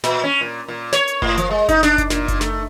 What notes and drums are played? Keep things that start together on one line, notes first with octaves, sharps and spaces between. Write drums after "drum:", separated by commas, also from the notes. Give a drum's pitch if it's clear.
A#2, drum: snare
C#4
A#2
A#2
C#5, drum: snare
drum: hi-hat
A2, drum: kick F#1
F3, drum: hi-hat
G#3
D#4, drum: kick F#1, hi-hat
D4, drum: snare
drum: kick F#1, hi-hat
A#2, drum: snare
drum: kick F#1, hi-hat
A3, drum: snare